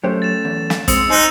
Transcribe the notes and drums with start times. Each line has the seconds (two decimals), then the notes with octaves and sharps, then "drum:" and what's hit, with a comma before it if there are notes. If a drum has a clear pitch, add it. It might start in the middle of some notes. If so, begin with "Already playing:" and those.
0.04 F#3 A3 C#4 G4 C5
0.22 A6 E7
0.45 E2
0.70 drum: snare
0.88 G#3 C4 D#6 E6 C#7, drum: kick, hi-hat
1.10 D#4 C5 G#5 A#5 F#6